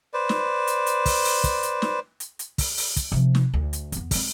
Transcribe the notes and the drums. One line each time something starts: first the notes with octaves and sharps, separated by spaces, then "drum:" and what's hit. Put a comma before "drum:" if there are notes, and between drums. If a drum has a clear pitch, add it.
B4 C5 D5
drum: snare
drum: hi-hat
drum: hi-hat
drum: kick, open hi-hat
drum: open hi-hat
drum: kick, hi-hat
drum: hi-hat
drum: snare
drum: hi-hat
drum: hi-hat
drum: kick, open hi-hat
drum: open hi-hat
drum: kick, hi-hat
C3 F3
drum: snare
D2
drum: hi-hat
E2 B3, drum: hi-hat
G#3 C4, drum: kick, open hi-hat